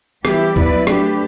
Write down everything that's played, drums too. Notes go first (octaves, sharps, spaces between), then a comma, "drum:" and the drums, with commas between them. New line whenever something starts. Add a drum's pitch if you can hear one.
E3 G3 B3 E4 G4, drum: rim click
F#3 B3 E4 B4 D5, drum: kick
A3 D4 G4 B4, drum: rim click